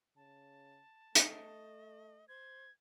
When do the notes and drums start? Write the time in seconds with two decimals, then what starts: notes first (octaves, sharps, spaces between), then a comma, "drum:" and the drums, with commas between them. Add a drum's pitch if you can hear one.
0.16 C#3 A5
1.15 A3 D#5, drum: hi-hat
2.28 C5 G#6